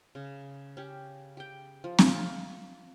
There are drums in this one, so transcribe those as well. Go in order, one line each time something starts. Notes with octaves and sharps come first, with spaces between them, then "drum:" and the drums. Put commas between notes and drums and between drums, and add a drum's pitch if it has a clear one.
C#3
C#4 G4
G4 G5
F3
F4 E5 A#5, drum: snare C4